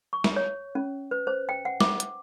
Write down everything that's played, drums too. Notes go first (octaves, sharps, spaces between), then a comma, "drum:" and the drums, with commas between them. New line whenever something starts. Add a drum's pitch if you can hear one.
C#6
drum: snare
C#5
C#4
B4
C5
G5
F#5
D6, drum: snare
drum: hi-hat